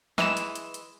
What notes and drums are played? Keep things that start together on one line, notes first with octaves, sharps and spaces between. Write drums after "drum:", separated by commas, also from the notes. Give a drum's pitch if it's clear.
E3 G#3 B4 D#7 E7, drum: snare
drum: hi-hat
drum: hi-hat
drum: hi-hat